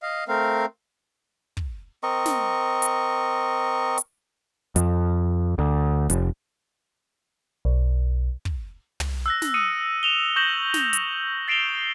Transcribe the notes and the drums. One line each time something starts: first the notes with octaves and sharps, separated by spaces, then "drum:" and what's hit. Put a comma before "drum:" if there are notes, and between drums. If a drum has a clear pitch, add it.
D#5 F5
A3 C4 A#4 F5
drum: kick
C4 A#4 D#5 C#6
drum: snare
drum: hi-hat
drum: hi-hat
F2, drum: hi-hat
D2
F1, drum: hi-hat
B1
drum: kick
drum: tom
E6 F#6 A#6
drum: snare
D#6 C#7 D#7
E7 F7 G7
C#6 G6 A#6 E7 F#7
drum: snare
drum: hi-hat
A6 C7 D7 E7 F7 G7